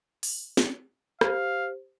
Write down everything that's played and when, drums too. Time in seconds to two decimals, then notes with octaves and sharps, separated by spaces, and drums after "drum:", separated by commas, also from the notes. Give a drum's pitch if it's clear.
0.23 drum: open hi-hat
0.57 drum: snare
1.21 G4 C5 F5, drum: rim click